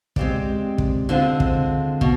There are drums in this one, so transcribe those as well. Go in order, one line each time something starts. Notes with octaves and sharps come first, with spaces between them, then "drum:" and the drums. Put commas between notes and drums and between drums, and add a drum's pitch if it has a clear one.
G#3 C4 G4 D5, drum: kick
drum: kick
D3 G#3 C4 F4
drum: kick
B2, drum: kick